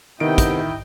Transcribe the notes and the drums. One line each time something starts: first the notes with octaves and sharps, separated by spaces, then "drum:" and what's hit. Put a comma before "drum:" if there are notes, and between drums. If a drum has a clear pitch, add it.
C3 D#3 B3 E4 D#5 G5 D7
drum: kick, hi-hat